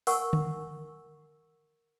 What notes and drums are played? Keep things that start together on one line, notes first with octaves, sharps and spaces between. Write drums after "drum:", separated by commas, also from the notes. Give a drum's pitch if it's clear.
A#4 F#5 G#5 C#6 E6, drum: open hi-hat
drum: tom D3